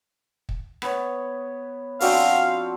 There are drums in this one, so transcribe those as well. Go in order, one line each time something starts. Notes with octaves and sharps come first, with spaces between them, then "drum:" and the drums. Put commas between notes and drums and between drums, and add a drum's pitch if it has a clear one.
drum: kick
B3 C#5, drum: rim click
F3 C4 D4 F#4 C5 F5 E6, drum: open hi-hat